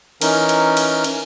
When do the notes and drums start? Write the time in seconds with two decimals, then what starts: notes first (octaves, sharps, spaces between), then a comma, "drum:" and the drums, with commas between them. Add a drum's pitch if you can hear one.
0.22 E3 C#4 D#4 A#4, drum: cymbal
0.49 drum: cymbal
0.77 drum: cymbal
1.04 drum: cymbal